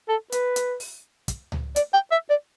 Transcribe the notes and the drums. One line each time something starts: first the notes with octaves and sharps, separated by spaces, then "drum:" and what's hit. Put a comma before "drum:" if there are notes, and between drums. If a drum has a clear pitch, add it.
A4
B4, drum: hi-hat
drum: hi-hat
drum: open hi-hat
drum: kick, hi-hat
drum: tom C#2
D5, drum: hi-hat
G5
E5
D5